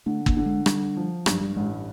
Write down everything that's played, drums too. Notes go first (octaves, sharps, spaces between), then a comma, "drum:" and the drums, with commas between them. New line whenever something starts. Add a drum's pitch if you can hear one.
D3 A3
A#3, drum: kick G1
D3
G#3
D3 G3, drum: rim click
F3
G2 F#3, drum: rim click
G3
A1 G#3